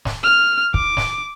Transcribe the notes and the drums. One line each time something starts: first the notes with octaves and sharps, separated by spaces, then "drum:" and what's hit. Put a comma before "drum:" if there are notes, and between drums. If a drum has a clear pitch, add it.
drum: snare
F6
D6, drum: kick
drum: snare